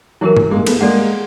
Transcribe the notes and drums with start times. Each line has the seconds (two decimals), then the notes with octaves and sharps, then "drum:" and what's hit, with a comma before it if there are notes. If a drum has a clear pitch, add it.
0.21 E3 F#3 E4 G4 A#4
0.37 drum: tom G2
0.51 G#3 A#3
0.67 A3 B3, drum: cymbal
0.81 G#3 A#3 A4 D5 F#5